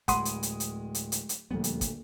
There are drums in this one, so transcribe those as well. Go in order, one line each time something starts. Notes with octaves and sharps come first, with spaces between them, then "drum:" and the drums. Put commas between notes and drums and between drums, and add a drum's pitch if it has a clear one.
D1 G#3 F#5 B5 C6 D#6 D#7, drum: kick, hi-hat
drum: hi-hat
drum: hi-hat
drum: hi-hat
drum: hi-hat
drum: hi-hat
drum: hi-hat
D#1 D2 F3 G3 B3
drum: hi-hat
drum: kick, hi-hat